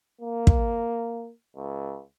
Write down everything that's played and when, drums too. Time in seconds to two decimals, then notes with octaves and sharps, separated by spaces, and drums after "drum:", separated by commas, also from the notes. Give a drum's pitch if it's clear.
0.21 A#3
0.47 drum: kick
1.56 C#2